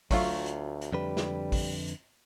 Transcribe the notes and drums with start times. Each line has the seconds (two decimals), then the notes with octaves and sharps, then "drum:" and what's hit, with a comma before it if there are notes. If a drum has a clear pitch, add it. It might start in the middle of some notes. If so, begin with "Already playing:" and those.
0.11 D2 F#3 A3 F4, drum: kick, open hi-hat
0.46 drum: hi-hat
0.81 drum: hi-hat
0.93 F2 D3 G3 B4
1.17 drum: snare
1.52 drum: kick, open hi-hat
1.88 drum: hi-hat